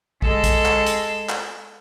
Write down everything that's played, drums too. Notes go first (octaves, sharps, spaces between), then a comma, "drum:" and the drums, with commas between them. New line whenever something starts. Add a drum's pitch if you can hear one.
G#3 A4, drum: kick
drum: kick, hi-hat
drum: clap
drum: hi-hat
drum: clap